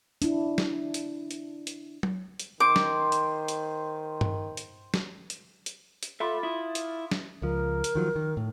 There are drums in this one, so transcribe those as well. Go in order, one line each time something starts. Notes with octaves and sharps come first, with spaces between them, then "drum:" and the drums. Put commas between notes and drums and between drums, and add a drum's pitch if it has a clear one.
D4 E4, drum: hi-hat
drum: snare
drum: hi-hat
drum: hi-hat
drum: hi-hat
drum: tom F#3
drum: hi-hat
D#3 C5 D6
drum: snare
drum: hi-hat
drum: hi-hat
drum: tom G2
drum: hi-hat
drum: snare
drum: hi-hat
drum: hi-hat
drum: hi-hat
F4 A4 E5 B5 D6
E4 D#6
drum: hi-hat
drum: snare
C#2 F3 A#4
drum: hi-hat
D#3 F3 F#3
D#3
A2